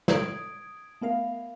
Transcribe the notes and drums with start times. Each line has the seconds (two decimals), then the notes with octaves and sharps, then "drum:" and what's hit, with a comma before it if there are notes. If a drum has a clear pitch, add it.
0.08 D#6 G#6 D7, drum: snare
1.01 A3 B3 A#4 F5